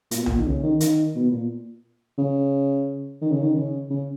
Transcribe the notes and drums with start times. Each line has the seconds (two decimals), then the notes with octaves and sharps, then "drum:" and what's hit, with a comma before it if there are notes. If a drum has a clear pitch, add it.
0.11 A#2, drum: hi-hat
0.19 B2
0.26 A#2, drum: tom C2
0.39 D#3
0.46 C#3
0.63 D#3
0.80 D#3, drum: hi-hat
1.15 B2
1.32 A#2
2.18 C#3
3.22 D#3
3.31 C#3
3.42 D#3
3.56 C#3
3.90 C#3